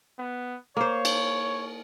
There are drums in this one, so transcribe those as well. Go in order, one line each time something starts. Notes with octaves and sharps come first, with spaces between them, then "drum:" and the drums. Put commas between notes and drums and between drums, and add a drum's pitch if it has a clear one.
B3
A#3 C5 C#5
drum: cymbal